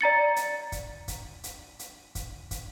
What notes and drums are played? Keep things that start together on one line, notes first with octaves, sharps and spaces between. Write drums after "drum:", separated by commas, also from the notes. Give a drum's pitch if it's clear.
D5 A#5 A6 C#7
drum: hi-hat
drum: kick, hi-hat
drum: kick, hi-hat
drum: hi-hat
drum: hi-hat
drum: kick, hi-hat
drum: kick, hi-hat